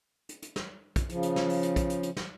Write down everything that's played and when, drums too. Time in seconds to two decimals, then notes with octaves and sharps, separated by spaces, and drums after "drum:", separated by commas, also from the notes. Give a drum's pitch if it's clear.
0.29 drum: hi-hat
0.42 drum: hi-hat
0.56 drum: snare
0.96 drum: kick, hi-hat
1.09 C#3 F3, drum: hi-hat
1.23 drum: hi-hat
1.36 drum: snare
1.50 drum: open hi-hat
1.63 drum: hi-hat
1.76 drum: kick, hi-hat
1.90 drum: hi-hat
2.03 drum: hi-hat
2.16 drum: snare